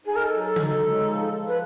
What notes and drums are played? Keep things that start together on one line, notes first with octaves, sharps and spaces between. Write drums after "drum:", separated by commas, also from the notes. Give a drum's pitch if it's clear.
D#4 G#4
A#4
A4
F#3
A4
D#4, drum: tom
A4
G#3
F3
F3
B4